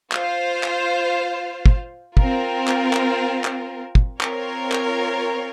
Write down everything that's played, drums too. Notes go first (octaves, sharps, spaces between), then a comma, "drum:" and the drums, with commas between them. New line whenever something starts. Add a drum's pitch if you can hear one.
F4 C5 F5, drum: clap
drum: clap
drum: kick
C4 F4 A#4, drum: kick
drum: clap
drum: clap
drum: clap
drum: kick
C4 F4 A#4 C#5, drum: clap
drum: clap